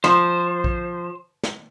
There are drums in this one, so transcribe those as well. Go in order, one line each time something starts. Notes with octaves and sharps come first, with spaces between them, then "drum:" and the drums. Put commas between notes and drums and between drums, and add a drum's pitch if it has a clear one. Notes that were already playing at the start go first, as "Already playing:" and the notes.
F3 C5, drum: snare
drum: kick A#1
drum: snare